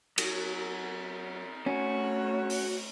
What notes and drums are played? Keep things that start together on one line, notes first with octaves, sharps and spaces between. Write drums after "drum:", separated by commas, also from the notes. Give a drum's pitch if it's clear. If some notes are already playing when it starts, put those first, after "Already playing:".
F#3, drum: cymbal
A3 C#4 F#4 C#5
drum: open hi-hat